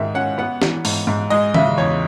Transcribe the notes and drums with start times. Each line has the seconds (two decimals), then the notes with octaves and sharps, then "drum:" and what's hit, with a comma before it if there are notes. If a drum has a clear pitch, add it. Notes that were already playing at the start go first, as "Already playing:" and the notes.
Already playing: G#2 D#3 G#3 E5
0.14 C#4 F#5
0.38 B3 F#5
0.62 E3, drum: snare
0.85 G#2, drum: open hi-hat
1.07 G#2
1.30 G#3 D#5
1.54 C#3 E5, drum: tom D#3
1.77 E2 C#5